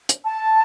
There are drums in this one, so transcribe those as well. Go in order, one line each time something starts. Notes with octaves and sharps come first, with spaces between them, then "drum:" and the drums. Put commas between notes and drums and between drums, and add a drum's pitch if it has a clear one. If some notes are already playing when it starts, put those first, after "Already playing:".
drum: hi-hat
A5